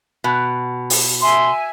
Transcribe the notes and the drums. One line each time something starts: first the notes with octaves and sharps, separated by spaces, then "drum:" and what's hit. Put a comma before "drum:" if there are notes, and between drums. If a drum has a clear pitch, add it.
B2
drum: open hi-hat
E5 G#5 C6